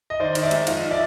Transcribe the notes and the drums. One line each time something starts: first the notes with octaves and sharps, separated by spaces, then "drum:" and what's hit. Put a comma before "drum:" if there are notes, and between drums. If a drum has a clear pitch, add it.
D#5
D#3 C5 D5
D#3, drum: cymbal
D5 E5
G#3, drum: cymbal
F3 D#5 F5, drum: cymbal
D5 E5